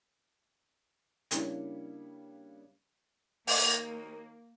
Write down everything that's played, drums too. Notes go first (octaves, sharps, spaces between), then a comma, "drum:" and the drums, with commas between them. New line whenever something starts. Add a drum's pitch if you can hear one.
C#3 G3 A#3 D4 E4 C#5, drum: hi-hat
D#3 A#3, drum: open hi-hat